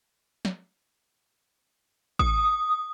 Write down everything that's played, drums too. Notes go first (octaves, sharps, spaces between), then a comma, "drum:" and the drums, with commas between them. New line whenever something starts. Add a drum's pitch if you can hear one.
drum: snare
D#6, drum: kick A1